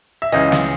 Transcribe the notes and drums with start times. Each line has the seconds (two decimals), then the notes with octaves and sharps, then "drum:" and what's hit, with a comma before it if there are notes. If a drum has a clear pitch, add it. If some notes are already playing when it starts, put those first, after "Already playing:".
0.22 E5
0.32 C#2 C#3 E3 D#5
0.52 drum: snare